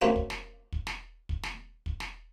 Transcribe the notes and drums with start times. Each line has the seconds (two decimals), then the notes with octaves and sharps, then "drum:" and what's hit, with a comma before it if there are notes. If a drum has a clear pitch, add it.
0.02 F#2 F#3 A3 A#3 C4
0.16 drum: kick
0.30 drum: snare
0.72 drum: kick
0.87 drum: snare
1.29 drum: kick
1.43 drum: snare
1.86 drum: kick
2.00 drum: snare